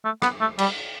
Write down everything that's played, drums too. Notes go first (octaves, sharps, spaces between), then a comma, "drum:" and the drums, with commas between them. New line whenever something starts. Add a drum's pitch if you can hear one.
A3
B3, drum: rim click
A3
G3, drum: cymbal